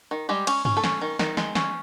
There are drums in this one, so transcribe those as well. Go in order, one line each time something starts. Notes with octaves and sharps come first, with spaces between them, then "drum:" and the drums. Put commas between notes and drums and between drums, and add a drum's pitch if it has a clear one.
D#3
G3 G#3 G4
C#4, drum: cymbal
C#4, drum: tom G2
A3 A4
C#4, drum: snare
D#3
D#3, drum: snare
G#3, drum: snare
C#4, drum: snare